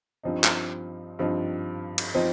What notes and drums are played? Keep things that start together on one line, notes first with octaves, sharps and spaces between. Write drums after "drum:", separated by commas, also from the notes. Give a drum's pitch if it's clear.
G2 F3 C4 D#4
drum: clap
G2 F3 C4 D#4
drum: cymbal
F3 C4 D#4